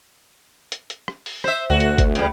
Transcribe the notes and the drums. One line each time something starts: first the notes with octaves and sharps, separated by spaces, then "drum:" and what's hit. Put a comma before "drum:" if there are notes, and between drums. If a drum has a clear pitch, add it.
drum: hi-hat
drum: hi-hat
drum: rim click
drum: open hi-hat
C5 E5, drum: rim click
D2 F#4
drum: hi-hat
drum: kick G1, hi-hat
C#3 G3, drum: hi-hat